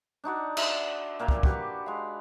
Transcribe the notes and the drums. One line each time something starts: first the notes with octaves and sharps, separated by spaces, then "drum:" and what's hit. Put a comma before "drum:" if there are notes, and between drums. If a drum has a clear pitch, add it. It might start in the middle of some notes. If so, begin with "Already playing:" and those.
D4 D#4 F#4 D5
E5, drum: cymbal
A#2 A#3 F5 G5
drum: kick
F#4 G4 B4, drum: kick
G#3 F5